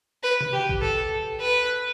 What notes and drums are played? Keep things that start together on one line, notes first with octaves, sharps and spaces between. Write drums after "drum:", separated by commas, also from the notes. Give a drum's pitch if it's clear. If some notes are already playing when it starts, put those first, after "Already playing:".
B4
drum: tom C3
G4
drum: kick G#1
A4
B4